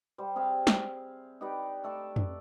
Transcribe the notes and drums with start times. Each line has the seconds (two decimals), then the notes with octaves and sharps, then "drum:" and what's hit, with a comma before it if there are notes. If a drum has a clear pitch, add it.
0.18 G3 C5
0.36 C4 G#4 E5 F5
0.67 drum: snare
1.41 D#4 G4 B4 D5
1.84 A3 A4 D5
2.16 drum: tom F2